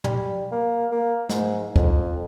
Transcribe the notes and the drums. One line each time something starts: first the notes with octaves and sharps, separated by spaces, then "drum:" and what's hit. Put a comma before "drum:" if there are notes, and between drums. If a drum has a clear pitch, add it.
G3, drum: tom
A#3
A#3
G#2, drum: snare
F2, drum: kick